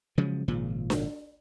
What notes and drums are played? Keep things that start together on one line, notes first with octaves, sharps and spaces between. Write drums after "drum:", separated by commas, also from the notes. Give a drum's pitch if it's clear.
C#3 F3 F#3 G#3
G#1 A#2 C#3 F3
drum: snare D4